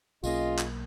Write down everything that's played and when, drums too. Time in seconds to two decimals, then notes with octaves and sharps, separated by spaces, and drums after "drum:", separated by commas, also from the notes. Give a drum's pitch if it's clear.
0.24 B1 A#3 C#4 F4 G#4 D#5, drum: tambourine
0.59 drum: clap